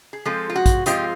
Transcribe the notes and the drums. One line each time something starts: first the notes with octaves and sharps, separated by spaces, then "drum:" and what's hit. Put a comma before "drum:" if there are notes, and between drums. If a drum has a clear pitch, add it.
G#4
F3 G#3 C4 F4 A4
F4
F#4
drum: kick, hi-hat
F3 G#3 C4 F4 G4, drum: hi-hat